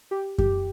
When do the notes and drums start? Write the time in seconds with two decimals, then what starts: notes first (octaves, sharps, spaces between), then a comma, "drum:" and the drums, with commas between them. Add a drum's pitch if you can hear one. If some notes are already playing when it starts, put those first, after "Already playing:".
0.11 G4
0.38 G4, drum: kick F#2